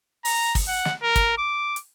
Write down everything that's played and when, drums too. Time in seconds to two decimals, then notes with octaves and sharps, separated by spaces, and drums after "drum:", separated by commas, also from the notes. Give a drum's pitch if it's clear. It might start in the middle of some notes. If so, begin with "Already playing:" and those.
0.25 A#5, drum: open hi-hat
0.55 drum: kick, open hi-hat
0.68 F#5
0.85 drum: snare
1.03 A#4
1.16 drum: kick, hi-hat
1.38 D6
1.76 drum: hi-hat